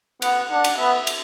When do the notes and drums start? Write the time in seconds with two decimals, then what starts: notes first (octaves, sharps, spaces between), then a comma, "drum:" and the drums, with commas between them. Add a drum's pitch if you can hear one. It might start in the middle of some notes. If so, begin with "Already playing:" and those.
0.22 B3 F#5, drum: cymbal
0.50 D4 F#5
0.64 drum: cymbal
0.78 B3 E5
1.07 drum: cymbal